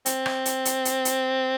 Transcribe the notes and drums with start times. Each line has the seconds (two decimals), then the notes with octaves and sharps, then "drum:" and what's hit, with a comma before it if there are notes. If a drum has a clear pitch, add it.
0.06 C4, drum: hi-hat
0.26 drum: rim click
0.45 drum: hi-hat
0.65 drum: hi-hat
0.85 drum: hi-hat
1.05 drum: hi-hat